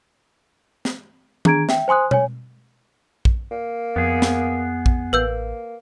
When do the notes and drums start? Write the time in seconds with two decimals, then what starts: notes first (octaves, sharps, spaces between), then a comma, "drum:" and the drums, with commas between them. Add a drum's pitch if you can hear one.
0.85 drum: snare
1.45 D4 G#4 A#5 G#6 D7, drum: tom D#3
1.69 E5 G5, drum: snare
1.88 C5 G#5 C6 D#6 F#6
2.11 C#5 G#5, drum: tom B2
3.25 drum: kick A#1
3.51 A#3
3.96 F2 B3 G#4
4.22 drum: snare
4.86 drum: kick A#1
5.13 A1 A#3 B4 E6 G6